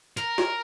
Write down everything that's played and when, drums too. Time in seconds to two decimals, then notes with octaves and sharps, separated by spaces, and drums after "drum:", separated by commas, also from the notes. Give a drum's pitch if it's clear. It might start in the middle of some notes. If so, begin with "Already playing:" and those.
0.17 A#4, drum: hi-hat
0.38 drum: snare